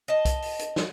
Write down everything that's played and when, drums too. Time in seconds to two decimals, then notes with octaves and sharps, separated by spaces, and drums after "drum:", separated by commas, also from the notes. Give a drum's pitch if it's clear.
0.08 D#5 A5
0.25 drum: kick C2, hi-hat
0.42 drum: open hi-hat
0.59 drum: hi-hat
0.76 drum: snare